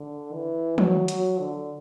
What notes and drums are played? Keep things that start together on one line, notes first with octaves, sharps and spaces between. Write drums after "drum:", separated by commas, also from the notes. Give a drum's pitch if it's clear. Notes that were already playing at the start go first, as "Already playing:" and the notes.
Already playing: D3
E3
F#3, drum: tom
F#3, drum: hi-hat
D3